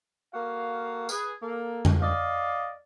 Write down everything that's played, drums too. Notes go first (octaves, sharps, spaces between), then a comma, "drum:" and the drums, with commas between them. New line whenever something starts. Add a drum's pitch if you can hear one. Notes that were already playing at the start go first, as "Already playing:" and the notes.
A#3 F#4 A4 F5
G#4 B4, drum: tambourine
A#3 A4
drum: tom F2
D5 D#5 F5